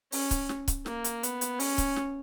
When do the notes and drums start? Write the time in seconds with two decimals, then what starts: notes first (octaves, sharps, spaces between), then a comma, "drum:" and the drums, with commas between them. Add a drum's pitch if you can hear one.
0.12 C#4, drum: open hi-hat
0.31 drum: kick C#1, hi-hat
0.49 drum: snare
0.68 drum: kick C#1, hi-hat
0.86 A#3, drum: snare
1.04 drum: hi-hat
1.23 B3, drum: hi-hat
1.41 drum: hi-hat
1.60 C#4, drum: open hi-hat
1.78 drum: kick C#1, hi-hat
1.96 drum: snare